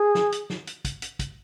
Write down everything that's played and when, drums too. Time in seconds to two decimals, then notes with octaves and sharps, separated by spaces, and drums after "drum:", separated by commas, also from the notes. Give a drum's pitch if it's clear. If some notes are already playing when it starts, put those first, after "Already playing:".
Already playing: G#4
0.15 drum: snare
0.32 drum: hi-hat
0.50 drum: snare
0.67 drum: hi-hat
0.85 drum: kick, hi-hat
1.02 drum: hi-hat
1.19 drum: kick, hi-hat